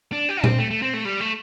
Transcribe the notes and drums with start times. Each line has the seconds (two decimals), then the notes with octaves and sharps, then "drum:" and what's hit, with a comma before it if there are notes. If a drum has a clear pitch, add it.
0.12 D4
0.29 G4
0.44 C4, drum: tom A#2
0.59 A3
0.71 A3
0.82 C4
0.94 A3
1.05 G3
1.20 A3